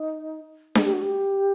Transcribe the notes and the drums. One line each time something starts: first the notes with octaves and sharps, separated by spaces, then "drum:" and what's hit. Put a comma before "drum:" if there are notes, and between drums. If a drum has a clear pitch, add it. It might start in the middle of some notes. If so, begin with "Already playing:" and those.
Already playing: D#4
G#4, drum: snare D4
G4
F#4
G4